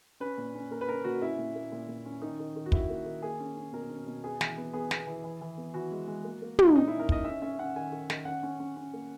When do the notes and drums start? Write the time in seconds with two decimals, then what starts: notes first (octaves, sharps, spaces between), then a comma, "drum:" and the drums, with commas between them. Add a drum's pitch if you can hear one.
0.20 C#4 B4
0.38 A#2
0.55 C#4
0.71 A#3 A#4
0.81 B4
0.89 C#4 A#4
1.04 A#2 F#4
1.22 C#4 E4
1.38 A#2
1.55 A#3
1.72 A#2
1.88 A#2
2.05 C#4
2.22 D#3 D#4
2.40 D#3
2.56 D#3
2.66 F#4
2.72 D#3 E4, drum: kick
2.90 A#3
3.05 D#3
3.22 A#3 G#4
3.40 C#4
3.57 C#4
3.72 B2 A#4
3.90 C#4
4.07 B2
4.24 B3 G#4
4.41 E3, drum: snare
4.57 B3
4.73 B3 G#4
4.91 B3, drum: snare
5.07 E3
5.24 E3
5.41 E3
5.58 B3
5.74 E3 F#4
5.92 G#3
6.07 G#3
6.24 A#3
6.42 A#3
6.59 A#2, drum: tom
6.74 A#2 D#4
6.88 E4
6.92 C#4
6.99 A#4
7.09 A#2 D#5, drum: kick
7.25 C#4 E5
7.42 C#4 E5
7.59 C#4 F#5
7.76 D#3 G#5
7.92 D#3
8.10 D#3, drum: snare
8.25 C#4 F#5
8.43 C#4
8.60 C#4
8.77 C#4
8.93 A#3